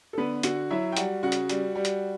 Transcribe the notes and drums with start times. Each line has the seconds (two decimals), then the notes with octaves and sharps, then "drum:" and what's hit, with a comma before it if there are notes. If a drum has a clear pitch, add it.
0.13 A4
0.18 D3 B3 B4
0.43 D3 F#4 F#5, drum: hi-hat
0.70 F#3 E4 E5
0.92 G5
0.97 G3 F#4 F#5, drum: hi-hat
1.23 C#3 F#4 F#5
1.32 drum: hi-hat
1.49 G3, drum: hi-hat
1.75 G3
1.85 drum: hi-hat